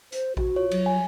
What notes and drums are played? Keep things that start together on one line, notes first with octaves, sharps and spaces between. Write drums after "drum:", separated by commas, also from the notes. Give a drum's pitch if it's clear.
C5, drum: hi-hat
F#4, drum: kick A#1
F4 C#5
F#3, drum: cymbal
G#5